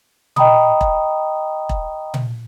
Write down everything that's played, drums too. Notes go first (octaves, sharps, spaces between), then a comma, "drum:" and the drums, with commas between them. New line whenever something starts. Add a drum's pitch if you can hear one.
D#5 G5 A#5 B5 D#6, drum: tom A#2
drum: kick E1
drum: kick E1
drum: tom A#2